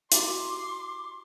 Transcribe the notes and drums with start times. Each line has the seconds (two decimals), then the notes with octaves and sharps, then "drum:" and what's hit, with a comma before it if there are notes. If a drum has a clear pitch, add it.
0.12 E4 F#4 G4 C6 D6, drum: hi-hat